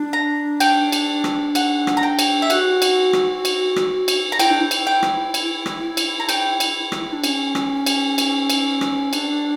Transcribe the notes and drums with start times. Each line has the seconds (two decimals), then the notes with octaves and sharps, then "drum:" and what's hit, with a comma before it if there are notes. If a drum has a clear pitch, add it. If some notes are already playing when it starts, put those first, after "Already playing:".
Already playing: D4
0.13 A#5
0.60 G5, drum: cymbal
0.92 drum: cymbal
1.24 drum: rim click
1.55 F#5, drum: cymbal
1.87 drum: rim click
1.97 A#5
2.03 G5
2.19 drum: cymbal
2.42 E5
2.50 F#4 F#5, drum: cymbal
2.82 drum: cymbal
3.13 drum: rim click
3.45 drum: cymbal
3.76 drum: rim click
4.08 drum: cymbal
4.32 A#5
4.39 E4 G5, drum: cymbal
4.50 D4
4.60 E4
4.71 drum: cymbal
4.87 G5
5.03 drum: rim click
5.34 drum: cymbal
5.66 drum: rim click
5.97 drum: cymbal
6.20 A#5
6.29 G5, drum: cymbal
6.60 drum: cymbal
6.92 drum: rim click
7.13 D4
7.24 C#4, drum: cymbal
7.55 drum: rim click
7.86 drum: cymbal
8.18 drum: cymbal
8.50 drum: cymbal
8.81 drum: rim click
9.13 D4, drum: cymbal